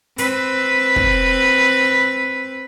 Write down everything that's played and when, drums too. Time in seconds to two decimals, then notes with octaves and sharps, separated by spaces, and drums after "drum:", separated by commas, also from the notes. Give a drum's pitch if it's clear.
0.18 C4 B4, drum: hi-hat
0.96 drum: kick